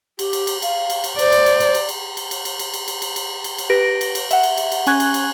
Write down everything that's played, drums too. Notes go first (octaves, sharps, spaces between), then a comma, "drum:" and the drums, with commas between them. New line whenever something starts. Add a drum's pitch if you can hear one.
G4, drum: cymbal
drum: cymbal
drum: cymbal
F5, drum: cymbal
drum: cymbal
drum: cymbal
C5 D5, drum: cymbal
drum: cymbal
drum: cymbal
drum: cymbal
drum: cymbal
drum: cymbal
drum: cymbal
drum: cymbal
drum: cymbal
drum: cymbal
drum: cymbal
drum: cymbal
drum: cymbal
drum: cymbal
drum: cymbal
drum: cymbal
G4 B4 A#6 D7
drum: cymbal
drum: cymbal
E5 F#5, drum: cymbal
drum: cymbal
drum: cymbal
drum: cymbal
C#4 G#5 C#6 F#6 G#6, drum: cymbal
drum: cymbal
drum: cymbal